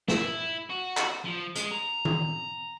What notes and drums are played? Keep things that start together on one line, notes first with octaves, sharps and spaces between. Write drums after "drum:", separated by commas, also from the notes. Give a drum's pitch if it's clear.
E4, drum: snare
F#4
drum: clap
F3
G#3, drum: hi-hat
A#5
drum: tom D#3